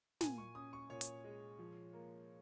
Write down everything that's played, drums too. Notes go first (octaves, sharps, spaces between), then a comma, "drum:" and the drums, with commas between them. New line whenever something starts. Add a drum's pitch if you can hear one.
A#2 G#5, drum: snare
C#6
C#4 D#6
C#6
A#2 C#5
drum: hi-hat
G#3
F3
A#3